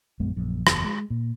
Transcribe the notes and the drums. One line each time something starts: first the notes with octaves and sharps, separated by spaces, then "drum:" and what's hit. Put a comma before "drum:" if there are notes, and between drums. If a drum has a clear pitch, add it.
A#1 F#2 G#3 B3
A#1 F#2
F#1 E2, drum: rim click
G#3
A#2